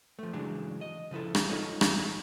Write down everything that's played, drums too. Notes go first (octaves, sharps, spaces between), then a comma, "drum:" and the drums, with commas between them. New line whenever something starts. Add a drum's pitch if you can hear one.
F3 A3
C#3 E3 F#3 G#3 D4
D#5
C#3 F3 E4 A4
drum: rim click
D#4 F4 A4 C#5 D#5
drum: rim click